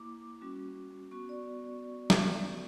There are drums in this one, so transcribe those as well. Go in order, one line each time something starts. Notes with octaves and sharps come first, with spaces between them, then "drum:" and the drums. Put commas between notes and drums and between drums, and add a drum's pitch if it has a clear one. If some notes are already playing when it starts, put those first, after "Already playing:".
Already playing: A#3 E4 D6
G3 C#4 F#4
B3 F#4 C#6
D5
drum: snare